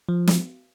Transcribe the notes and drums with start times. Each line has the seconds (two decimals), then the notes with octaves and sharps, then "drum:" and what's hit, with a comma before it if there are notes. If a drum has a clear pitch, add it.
0.09 F3
0.27 drum: snare